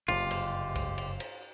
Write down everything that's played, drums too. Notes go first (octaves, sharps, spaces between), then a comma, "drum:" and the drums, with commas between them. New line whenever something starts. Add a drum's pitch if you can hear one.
F#1 G2 C3 G#3 F4 G4, drum: cymbal
drum: cymbal
drum: kick C2, cymbal
drum: cymbal
drum: cymbal